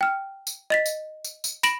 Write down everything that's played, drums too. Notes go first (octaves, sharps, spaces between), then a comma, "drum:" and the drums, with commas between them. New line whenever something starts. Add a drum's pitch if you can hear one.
G5 F6
drum: tambourine
D#5 A6 B6
drum: tambourine
drum: tambourine
drum: tambourine
B5 A#6 D7 E7 F#7, drum: tambourine